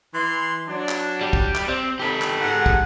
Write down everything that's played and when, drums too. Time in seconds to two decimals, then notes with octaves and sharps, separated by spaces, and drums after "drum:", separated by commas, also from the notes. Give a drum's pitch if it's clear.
0.15 E3 C6
0.68 F#3 D4
0.89 drum: clap
1.21 G3 G4
1.33 drum: kick
1.55 drum: clap
1.68 C4
2.00 C3 D#3 G4 A4 B5
2.22 drum: clap
2.41 G#2 F#5
2.66 drum: kick